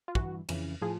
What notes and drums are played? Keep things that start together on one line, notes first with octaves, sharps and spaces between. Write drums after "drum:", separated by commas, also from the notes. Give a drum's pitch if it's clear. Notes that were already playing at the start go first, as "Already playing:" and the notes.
F4
G2 E3 F#4, drum: kick
F2 C#3 E3, drum: cymbal
A2 F3 G#4